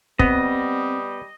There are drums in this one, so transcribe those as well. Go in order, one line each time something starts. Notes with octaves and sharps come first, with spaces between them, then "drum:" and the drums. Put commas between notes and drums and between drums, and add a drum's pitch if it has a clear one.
G3 B3 C4 D#5, drum: kick